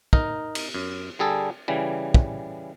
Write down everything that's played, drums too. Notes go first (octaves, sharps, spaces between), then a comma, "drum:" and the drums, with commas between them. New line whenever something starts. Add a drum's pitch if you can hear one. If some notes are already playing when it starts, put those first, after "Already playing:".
D#4 A#4, drum: kick
drum: cymbal
F#2
D3 G3 G#4 A4
C#3 E3 G3
drum: kick